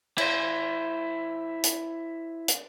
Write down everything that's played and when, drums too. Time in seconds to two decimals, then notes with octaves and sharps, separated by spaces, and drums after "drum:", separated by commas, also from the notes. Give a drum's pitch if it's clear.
0.18 E4 C5, drum: cymbal
1.64 drum: hi-hat
2.48 drum: hi-hat